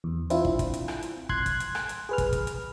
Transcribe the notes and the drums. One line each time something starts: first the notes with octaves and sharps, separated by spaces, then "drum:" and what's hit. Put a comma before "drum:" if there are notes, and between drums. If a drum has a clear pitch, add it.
E2
C4 D4 E4 F4, drum: hi-hat
drum: kick
drum: kick, hi-hat
drum: hi-hat
drum: rim click
drum: hi-hat
C6 F#6 G#6, drum: kick
drum: kick, hi-hat
drum: hi-hat
drum: rim click
drum: hi-hat
G#4 B4 F6
drum: kick, hi-hat
drum: kick, hi-hat
drum: hi-hat